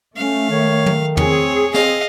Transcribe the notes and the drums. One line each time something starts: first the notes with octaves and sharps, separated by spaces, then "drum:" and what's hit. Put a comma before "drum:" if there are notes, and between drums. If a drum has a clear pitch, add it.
A3 C#4 F5
D#3 C#5
drum: tom
C4 G#4 C#5, drum: tom
C4 D#5 F5, drum: snare